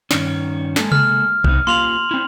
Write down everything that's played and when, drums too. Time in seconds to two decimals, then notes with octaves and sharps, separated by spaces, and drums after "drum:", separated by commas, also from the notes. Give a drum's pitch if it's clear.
0.11 G2 D#3 C#4, drum: snare
0.76 G#3 A#3 A4, drum: snare
0.92 F6, drum: tom C3
1.44 C3 B3 D#4, drum: kick A#1
1.67 A#3 F4 G4 C6 F7 F#7
2.11 C4 E4